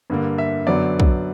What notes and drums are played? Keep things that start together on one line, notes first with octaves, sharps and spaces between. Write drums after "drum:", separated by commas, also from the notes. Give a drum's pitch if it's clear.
G2 D3 A#3
E5
F#2 D3 F#3 B3 D5
drum: kick